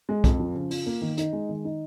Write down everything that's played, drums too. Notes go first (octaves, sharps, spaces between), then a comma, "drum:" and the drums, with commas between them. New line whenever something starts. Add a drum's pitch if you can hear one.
G#3
F2, drum: kick, hi-hat
F3
C#3
F4, drum: open hi-hat
A#3
D#3
D#4, drum: hi-hat
G#3
D#3
D#4